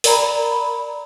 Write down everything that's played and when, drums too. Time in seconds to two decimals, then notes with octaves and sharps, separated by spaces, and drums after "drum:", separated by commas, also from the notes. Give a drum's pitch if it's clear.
0.04 A#4 D5 A#5 B5, drum: open hi-hat